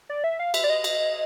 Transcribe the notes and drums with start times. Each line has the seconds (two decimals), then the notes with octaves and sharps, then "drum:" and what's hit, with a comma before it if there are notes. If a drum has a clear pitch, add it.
0.09 D5
0.24 E5
0.39 F5
0.54 E5, drum: cymbal
0.64 D5
0.70 D#5
0.84 drum: cymbal